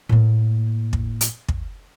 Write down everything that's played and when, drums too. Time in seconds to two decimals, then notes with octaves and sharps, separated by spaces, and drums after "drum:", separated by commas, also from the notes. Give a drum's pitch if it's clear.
0.09 A2 A#3
0.93 drum: kick
1.21 drum: hi-hat
1.48 drum: kick